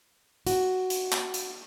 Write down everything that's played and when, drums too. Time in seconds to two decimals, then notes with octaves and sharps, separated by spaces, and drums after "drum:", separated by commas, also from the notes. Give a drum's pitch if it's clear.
0.47 F#4, drum: hi-hat
0.90 drum: hi-hat
1.12 drum: clap
1.34 drum: hi-hat